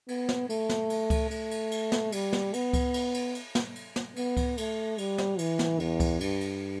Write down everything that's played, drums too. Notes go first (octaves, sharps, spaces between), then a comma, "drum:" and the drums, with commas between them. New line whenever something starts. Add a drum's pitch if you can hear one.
B3, drum: cymbal
drum: snare
A3, drum: cymbal
drum: snare
drum: cymbal
drum: kick C#2, cymbal
A3, drum: cymbal
drum: cymbal
drum: cymbal
drum: snare
G3, drum: cymbal
drum: snare
B3, drum: cymbal
drum: kick C#2, cymbal
drum: cymbal
drum: cymbal
drum: cymbal
drum: snare
drum: cymbal
drum: snare
B3, drum: cymbal
drum: kick C#2, cymbal
A3, drum: cymbal
G3, drum: cymbal
drum: snare
E3, drum: cymbal
drum: snare
E2, drum: cymbal
drum: kick C#2, cymbal
G2, drum: cymbal
drum: cymbal